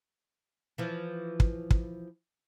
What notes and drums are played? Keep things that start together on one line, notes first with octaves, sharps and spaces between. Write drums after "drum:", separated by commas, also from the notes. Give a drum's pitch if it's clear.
E3 F3
drum: kick
drum: kick